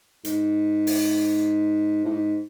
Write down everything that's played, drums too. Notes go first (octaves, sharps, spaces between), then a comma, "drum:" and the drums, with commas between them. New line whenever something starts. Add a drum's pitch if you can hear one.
G#2, drum: hi-hat
drum: open hi-hat
A2
G#2